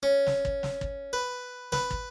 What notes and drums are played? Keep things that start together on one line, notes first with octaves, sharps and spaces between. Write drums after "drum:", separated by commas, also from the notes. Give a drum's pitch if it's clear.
C#4
drum: snare
drum: kick
drum: snare
drum: kick
B4
B4, drum: snare
drum: kick